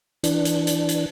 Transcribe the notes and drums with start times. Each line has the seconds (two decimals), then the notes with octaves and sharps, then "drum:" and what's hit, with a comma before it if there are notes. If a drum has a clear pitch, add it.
0.24 E3 D4, drum: hi-hat
0.45 drum: hi-hat
0.67 drum: hi-hat
0.89 drum: hi-hat